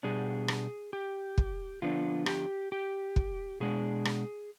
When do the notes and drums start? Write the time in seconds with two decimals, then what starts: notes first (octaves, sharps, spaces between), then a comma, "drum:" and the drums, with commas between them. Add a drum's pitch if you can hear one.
0.03 B2 G3 B3 D4 G#4
0.48 drum: rim click
0.93 G4
1.38 drum: kick
1.82 D3 F3 B3 D4 F4
2.26 G4, drum: rim click
2.72 G4
3.16 drum: kick
3.60 B2 G#3 D4 G#4
4.05 drum: rim click